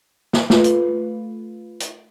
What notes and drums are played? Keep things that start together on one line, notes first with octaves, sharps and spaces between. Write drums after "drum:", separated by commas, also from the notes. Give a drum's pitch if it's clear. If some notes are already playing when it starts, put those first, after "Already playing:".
drum: snare
A3 F4 B4, drum: snare
drum: hi-hat
drum: hi-hat